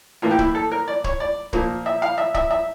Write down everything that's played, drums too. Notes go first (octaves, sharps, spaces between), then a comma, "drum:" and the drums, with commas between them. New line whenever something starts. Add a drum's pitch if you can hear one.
A2 E3 A#3 F4
G4
E4, drum: kick
A4
A#4
D5
C#5, drum: kick
D5
A#2 F3 A#3, drum: kick
E5
F5
E5
E5, drum: kick
E5